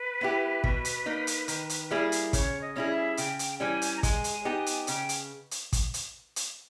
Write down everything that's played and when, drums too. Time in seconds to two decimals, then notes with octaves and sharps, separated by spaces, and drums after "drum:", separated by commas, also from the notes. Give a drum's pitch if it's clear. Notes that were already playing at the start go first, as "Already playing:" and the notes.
Already playing: B4
0.21 B3 E4 G4
0.64 B2, drum: kick
0.85 drum: hi-hat
1.06 A#3 D#4
1.27 drum: hi-hat
1.48 D#3, drum: hi-hat
1.69 drum: hi-hat
1.91 G3 A#3 E4 G#4
2.12 drum: hi-hat
2.33 C#3 C#5, drum: kick, hi-hat
2.62 D#5
2.76 G3 C#4 E4 G#4
2.90 E5
3.17 C#3 G5, drum: hi-hat
3.39 drum: hi-hat
3.60 E3 G3 C#4 G#5
3.82 drum: hi-hat
3.97 A#5
4.03 G#3 G#5, drum: kick, hi-hat
4.24 drum: hi-hat
4.45 B3 D#4 G4
4.66 drum: hi-hat
4.87 C#3 G5, drum: hi-hat
5.09 drum: hi-hat
5.51 drum: hi-hat
5.73 drum: kick, hi-hat
5.94 drum: hi-hat
6.36 drum: hi-hat